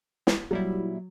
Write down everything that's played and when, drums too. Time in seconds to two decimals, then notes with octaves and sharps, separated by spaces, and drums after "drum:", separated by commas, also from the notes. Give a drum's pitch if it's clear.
0.27 drum: snare
0.51 A#2 F#3 G3 E4